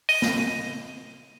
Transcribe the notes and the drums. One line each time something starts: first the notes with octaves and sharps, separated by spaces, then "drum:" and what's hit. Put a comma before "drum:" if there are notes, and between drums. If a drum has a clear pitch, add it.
D#5, drum: open hi-hat
drum: snare